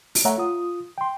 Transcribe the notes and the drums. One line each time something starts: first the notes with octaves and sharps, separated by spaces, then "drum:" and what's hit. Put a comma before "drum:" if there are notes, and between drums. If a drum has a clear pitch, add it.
drum: open hi-hat
A3 C#5 E5 F#5 A#5
F4 D#6
G5 C6